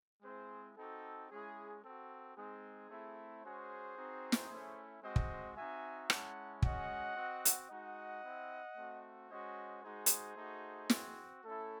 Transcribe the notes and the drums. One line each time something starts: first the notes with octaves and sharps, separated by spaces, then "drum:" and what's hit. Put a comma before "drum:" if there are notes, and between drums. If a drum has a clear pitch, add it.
G#3 C4 E4 G#4 C5
C4 D#4 F#4 A4
G#3 C#4 E4 G#4
C4 F#4 A4
G#3 C4 D#4 G#4
A3 C4 E4
G#3 C#4 F#4 G#4 C5
C4 D#4 F#4
drum: snare
A3 C#4 E4
G#3 C4 F#4 C5 D#5
drum: kick
C4 D#4 F#4 E5 G#5
G#3 C#4 E4 F#5 A5, drum: rim click
G#3 C#4 F#4 D#5 F#5, drum: kick
C4 F#4
drum: hi-hat
G#3 D#4 F#4 D#5 F#5
C4 E4
A3 C4 F#4
G#3 C#4 F#4 C5 D#5
G#3 D#4 F#4 G#4 C5
drum: hi-hat
A3 D#4 F#4
C4 F#4, drum: snare
A3 C#4 E4 A4